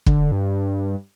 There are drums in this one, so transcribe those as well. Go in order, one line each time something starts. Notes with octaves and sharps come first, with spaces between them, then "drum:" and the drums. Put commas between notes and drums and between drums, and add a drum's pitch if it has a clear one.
D3, drum: kick
G2